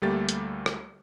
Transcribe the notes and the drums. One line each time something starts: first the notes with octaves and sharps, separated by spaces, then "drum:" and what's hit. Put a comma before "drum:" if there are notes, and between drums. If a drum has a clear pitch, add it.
D2 G3 A3 A#3 G4 A6
drum: hi-hat
drum: rim click